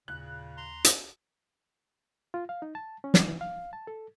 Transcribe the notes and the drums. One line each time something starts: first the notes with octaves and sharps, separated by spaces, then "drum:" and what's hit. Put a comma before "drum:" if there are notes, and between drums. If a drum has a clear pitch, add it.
D#2 A#2 C#3 F#6
A#5 C6
drum: hi-hat
F4
F5
D#4
A5
C#4
drum: snare
E3
F5
A5
A4